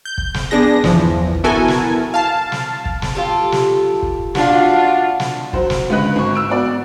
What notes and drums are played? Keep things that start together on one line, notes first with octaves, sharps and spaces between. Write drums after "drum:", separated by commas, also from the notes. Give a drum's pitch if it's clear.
G6
drum: kick
drum: snare
B3 D4 G#4 A#6
G1 E2 E3 F3, drum: snare
drum: kick
B3 E4 F#4 A4 A#4 G#5
drum: snare
F5 A5
drum: snare
drum: kick
drum: snare
F4 G4 A4
drum: snare
drum: kick
D4 F4 F#4 E5 F#5, drum: snare
drum: snare
F#3 C5 F#5, drum: kick
drum: snare
C#2 D3 B4 D#5 F#6
G#1 C#6
E6 D7
B3 F#4 D5